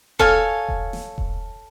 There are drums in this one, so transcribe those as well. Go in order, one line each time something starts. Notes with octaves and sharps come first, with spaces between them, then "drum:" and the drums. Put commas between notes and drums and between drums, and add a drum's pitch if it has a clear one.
A4 C#5 F5 G#5, drum: kick E1
drum: kick E1
drum: snare
drum: kick E1